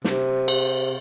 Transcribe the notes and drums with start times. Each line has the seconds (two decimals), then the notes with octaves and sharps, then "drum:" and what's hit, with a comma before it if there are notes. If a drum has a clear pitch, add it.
0.04 C3, drum: snare
0.48 drum: cymbal